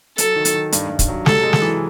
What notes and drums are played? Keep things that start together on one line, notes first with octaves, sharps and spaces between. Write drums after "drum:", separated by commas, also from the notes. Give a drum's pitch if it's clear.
F#3 A4, drum: hi-hat
D#3
drum: hi-hat
D#3
G2, drum: hi-hat
G2
drum: kick, hi-hat
F#3
C3 A4, drum: snare
G#3
drum: snare
E3